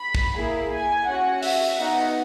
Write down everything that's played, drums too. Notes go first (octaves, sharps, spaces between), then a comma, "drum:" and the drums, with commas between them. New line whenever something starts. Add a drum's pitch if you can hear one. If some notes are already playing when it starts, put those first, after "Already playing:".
Already playing: B5
drum: kick
A#3 E4 G#4
G#5
C#4 F#4 F#5
E5, drum: open hi-hat
B3 D#4 F#4 F#5